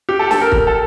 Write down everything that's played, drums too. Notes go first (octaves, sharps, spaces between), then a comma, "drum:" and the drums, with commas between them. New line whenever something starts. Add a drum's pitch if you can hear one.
G4
A4
A4, drum: snare
A#4
A#4, drum: kick
A4